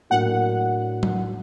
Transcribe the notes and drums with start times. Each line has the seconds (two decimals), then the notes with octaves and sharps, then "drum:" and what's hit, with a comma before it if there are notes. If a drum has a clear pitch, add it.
0.10 A2 F#3 A#3 D4 F#5
1.03 drum: tom F#3